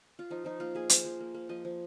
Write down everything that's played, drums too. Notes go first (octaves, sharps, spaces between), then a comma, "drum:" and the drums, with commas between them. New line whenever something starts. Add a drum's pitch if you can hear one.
F4
F3 D#4
F3 D#4
A#3 F4
A#3 G#4
F3 C5, drum: hi-hat
F3
A#3
A#3
F3 D#5
F3